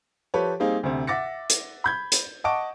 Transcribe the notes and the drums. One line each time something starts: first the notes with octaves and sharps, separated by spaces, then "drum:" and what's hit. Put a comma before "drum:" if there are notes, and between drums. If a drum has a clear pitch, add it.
F3 G4 A4 B4 C#5
G3 A#3 C4 D#4 G#4
D2 C3
E5 F#5 D6 A6 A#6 C#7
drum: hi-hat
B5 G6 G#6
drum: hi-hat
D#5 F#5 A5 C#6 D6 D7